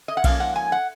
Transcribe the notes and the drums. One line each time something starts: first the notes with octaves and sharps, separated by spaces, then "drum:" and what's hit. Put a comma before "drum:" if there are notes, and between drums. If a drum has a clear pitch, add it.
D#5
F#5
G#2 F3 A#3 C#4 F5, drum: kick B1, cymbal
F#5
G#5
F#5